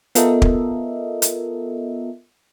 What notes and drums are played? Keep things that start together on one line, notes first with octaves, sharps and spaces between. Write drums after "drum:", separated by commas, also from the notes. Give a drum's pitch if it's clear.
B3 F4 A4 A#4 D#5 E5, drum: hi-hat
drum: kick
drum: hi-hat